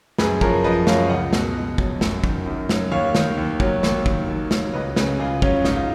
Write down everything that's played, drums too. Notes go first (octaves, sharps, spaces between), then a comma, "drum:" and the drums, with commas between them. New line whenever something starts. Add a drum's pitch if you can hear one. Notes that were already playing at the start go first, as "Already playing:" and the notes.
F#2 G#4 B4, drum: snare
F3 A#4 C#5, drum: kick
F3 B4 D#5
F#2 C#5 F5, drum: snare
C#2 D#5 F#5
B2, drum: snare
C#2
F#3, drum: kick
F#2, drum: snare
D#3, drum: kick
F#2
F#3, drum: snare
D#2 C#5 F5
D#3, drum: snare
D#2
F#3, drum: kick
D#2, drum: snare
D#3, drum: kick
D#2
F#3, drum: snare
C#2 B4 D#5
C#3 G#4 B4, drum: snare
C#2 F4 G#4
F#3 C#4 F4, drum: kick
G#2 D#4, drum: snare
F4